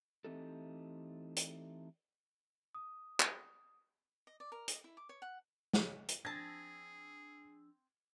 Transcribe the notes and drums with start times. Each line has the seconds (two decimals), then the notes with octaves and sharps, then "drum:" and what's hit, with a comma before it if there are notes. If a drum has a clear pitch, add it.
0.24 E3 A3 C4 D#4 G4 A4
1.36 drum: hi-hat
2.75 D#6
3.20 drum: clap
4.27 D#5
4.40 D5
4.52 A#4
4.68 D#5, drum: hi-hat
4.84 E4
4.97 D6
5.09 C#5
5.22 F#5
5.73 drum: snare
6.08 drum: hi-hat
6.25 F3 C4 D4 G#4 A5 E6 G#6 A#6